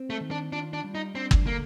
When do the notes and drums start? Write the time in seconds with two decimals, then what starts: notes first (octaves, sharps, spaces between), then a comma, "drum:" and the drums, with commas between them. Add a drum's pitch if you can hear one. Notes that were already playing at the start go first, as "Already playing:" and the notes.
Already playing: C4
0.10 A3
0.21 D#3
0.31 D4
0.52 D4 F4
0.73 D4
0.84 G3
0.95 D#4
1.14 C4 D4
1.31 drum: kick G1
1.47 D3 A#3